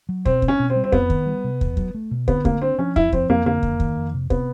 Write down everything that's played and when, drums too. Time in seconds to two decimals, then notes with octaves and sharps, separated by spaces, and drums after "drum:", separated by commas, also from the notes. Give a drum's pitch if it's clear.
0.09 F#3
0.25 B2 C4, drum: kick
0.42 C4, drum: kick
0.48 C#4
0.60 B2
0.70 C4
0.76 G3
0.84 C4
0.92 F2 B3, drum: kick
1.10 D#3, drum: kick
1.26 G3
1.44 C3
1.61 E2, drum: kick
1.77 F#3, drum: kick
1.94 A3
2.11 B2
2.28 D3 B3, drum: kick
2.45 A3 A#3, drum: kick
2.62 C4 D4
2.79 F3 C#4
2.96 F2 E4, drum: kick
3.13 F3 C4, drum: kick
3.29 F2 A#3
3.46 D3 A#3
3.63 F2, drum: kick
3.80 D#3, drum: kick
3.96 F2
4.14 C3
4.30 C3 B3, drum: kick